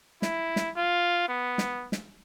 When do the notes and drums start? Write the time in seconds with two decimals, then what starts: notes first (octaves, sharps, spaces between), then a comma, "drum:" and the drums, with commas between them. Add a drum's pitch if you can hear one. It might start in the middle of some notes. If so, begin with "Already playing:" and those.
0.22 E4, drum: snare
0.56 drum: snare
0.76 F4
1.29 B3
1.58 drum: snare
1.92 drum: snare